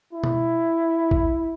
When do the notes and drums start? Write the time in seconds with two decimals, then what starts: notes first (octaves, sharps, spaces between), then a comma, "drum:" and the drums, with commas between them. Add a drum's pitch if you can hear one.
0.13 E4
0.24 drum: tom B2
1.11 drum: kick A#1